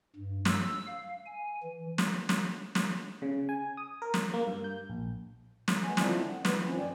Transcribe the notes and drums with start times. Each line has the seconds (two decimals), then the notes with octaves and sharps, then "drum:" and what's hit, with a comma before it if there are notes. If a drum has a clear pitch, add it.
0.16 G2
0.45 E6, drum: snare
0.87 F5
1.26 G#5
1.63 E3
1.98 drum: snare
2.29 drum: snare
2.75 drum: snare
3.22 C#3
3.49 G#5
3.77 D#6
4.02 A#4
4.14 drum: snare
4.33 A#3
4.48 G2
4.64 G6
4.90 A#1
5.68 drum: snare
5.84 G#3 B3 G#5
5.97 D3 F3 C4 D4 E4, drum: snare
6.27 F#5
6.45 E4 B4, drum: snare
6.64 D#3 F3 C4 C#4
6.78 F#2 D5 G5 G#5